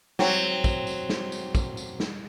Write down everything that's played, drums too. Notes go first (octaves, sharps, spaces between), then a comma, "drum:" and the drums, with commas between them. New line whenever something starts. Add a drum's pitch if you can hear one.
F#3 C4, drum: snare
drum: kick, tambourine
drum: tambourine
drum: snare
drum: tambourine
drum: kick, tambourine
drum: tambourine
drum: snare